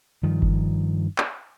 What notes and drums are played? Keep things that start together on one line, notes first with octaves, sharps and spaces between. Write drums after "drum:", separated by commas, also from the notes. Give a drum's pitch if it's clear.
G2 D#3 F3
drum: kick G1
drum: clap